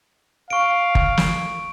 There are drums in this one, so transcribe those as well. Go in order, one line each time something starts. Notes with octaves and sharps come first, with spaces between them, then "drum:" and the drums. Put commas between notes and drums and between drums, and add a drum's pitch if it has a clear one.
F5 C#6 D7
drum: kick F#1
drum: snare